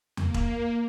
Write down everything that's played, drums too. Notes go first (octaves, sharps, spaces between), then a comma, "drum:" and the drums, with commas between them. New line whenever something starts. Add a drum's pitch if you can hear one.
A#3, drum: tom E2
drum: kick E1